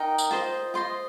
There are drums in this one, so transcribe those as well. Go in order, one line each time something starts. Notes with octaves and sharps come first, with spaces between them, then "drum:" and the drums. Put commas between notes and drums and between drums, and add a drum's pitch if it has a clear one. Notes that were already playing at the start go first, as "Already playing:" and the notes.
Already playing: D#4 A#4 D#5 G5
drum: tambourine
F4 C5 D#5
F4 C5 D#5 C6